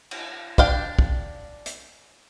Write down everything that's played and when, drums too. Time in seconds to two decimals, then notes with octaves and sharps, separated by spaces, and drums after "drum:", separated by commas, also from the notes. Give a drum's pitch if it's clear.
0.11 drum: cymbal
0.58 D4 F5 G5, drum: kick
0.99 drum: kick
1.66 drum: hi-hat